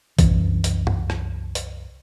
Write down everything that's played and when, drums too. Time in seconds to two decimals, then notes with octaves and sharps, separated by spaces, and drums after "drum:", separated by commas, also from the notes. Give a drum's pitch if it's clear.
0.19 C2 F#2 E3, drum: kick A#1, hi-hat
0.64 drum: hi-hat
0.87 drum: tom
1.10 drum: rim click
1.55 drum: hi-hat